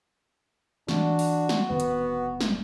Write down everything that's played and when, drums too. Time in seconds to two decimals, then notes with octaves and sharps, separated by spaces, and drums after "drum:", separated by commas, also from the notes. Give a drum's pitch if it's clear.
0.88 E3 D4 F#4, drum: snare
1.19 drum: open hi-hat
1.49 drum: snare
1.70 D1 D#3 B3
1.80 drum: hi-hat
2.41 drum: snare